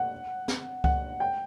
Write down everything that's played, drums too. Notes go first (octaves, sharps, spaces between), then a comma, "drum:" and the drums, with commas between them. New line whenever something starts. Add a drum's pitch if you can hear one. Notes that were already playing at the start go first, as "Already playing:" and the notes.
Already playing: F#5
drum: snare
F#5, drum: kick C#2
G5